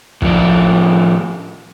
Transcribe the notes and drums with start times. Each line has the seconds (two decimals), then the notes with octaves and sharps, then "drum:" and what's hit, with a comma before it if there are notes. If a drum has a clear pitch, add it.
0.22 A2 F3 D5, drum: kick